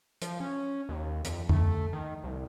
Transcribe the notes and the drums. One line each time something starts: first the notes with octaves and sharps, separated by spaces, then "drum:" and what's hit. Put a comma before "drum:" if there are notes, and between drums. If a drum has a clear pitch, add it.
F3, drum: hi-hat
C#4
D#2
F2, drum: hi-hat
A3, drum: tom F2
D#3
C2